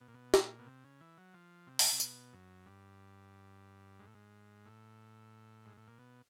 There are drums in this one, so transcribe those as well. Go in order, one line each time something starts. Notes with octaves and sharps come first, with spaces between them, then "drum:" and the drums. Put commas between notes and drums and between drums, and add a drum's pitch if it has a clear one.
B2
A#2
B2
A#2, drum: snare
B2
C3
C#3
E3
F#3
F3
C3
drum: open hi-hat
C3
B2, drum: tambourine
F#2
G2
G#2
A2
G#2
A2
G#2
A2
A#2
B2